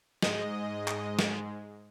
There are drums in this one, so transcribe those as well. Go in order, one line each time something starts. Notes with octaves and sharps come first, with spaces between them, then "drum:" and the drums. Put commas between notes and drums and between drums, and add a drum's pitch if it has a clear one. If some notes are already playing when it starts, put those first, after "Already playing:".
G#2 G#3 D#5, drum: snare
drum: clap
drum: snare